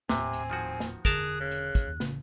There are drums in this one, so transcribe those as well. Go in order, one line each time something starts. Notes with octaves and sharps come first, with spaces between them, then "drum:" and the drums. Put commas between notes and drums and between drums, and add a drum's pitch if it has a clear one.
D#1 A2 C3 C4 G#5, drum: snare
drum: hi-hat
D#3 F3 F#4
drum: snare
E1 D3 G#4 A#4 A5 F#6, drum: kick, hi-hat
C#3
drum: hi-hat
drum: kick, hi-hat
D#2
A1 A2 C#3, drum: snare